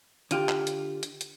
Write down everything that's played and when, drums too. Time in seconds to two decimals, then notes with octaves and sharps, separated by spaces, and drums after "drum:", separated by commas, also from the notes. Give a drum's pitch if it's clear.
0.31 D3 F4 G4, drum: hi-hat
0.49 drum: clap
0.67 drum: hi-hat
1.03 drum: hi-hat
1.21 drum: hi-hat